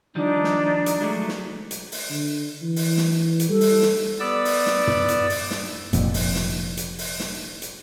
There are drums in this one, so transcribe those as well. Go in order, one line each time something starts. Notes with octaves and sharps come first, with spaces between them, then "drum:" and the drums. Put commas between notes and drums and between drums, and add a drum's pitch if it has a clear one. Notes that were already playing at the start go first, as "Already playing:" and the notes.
D#3 F3 G3 D4 D#4 A#5
drum: snare
drum: hi-hat
F#3 G#3 A3
drum: snare
drum: hi-hat
drum: open hi-hat
D3
E3
drum: open hi-hat
drum: snare
drum: hi-hat
G3 A4
drum: open hi-hat
drum: snare
B3 D5 E6
drum: open hi-hat
drum: snare
drum: tom
drum: hi-hat
drum: open hi-hat
drum: snare
F1 F2 A#2, drum: hi-hat
drum: open hi-hat
drum: snare
drum: hi-hat
drum: open hi-hat
drum: snare
drum: hi-hat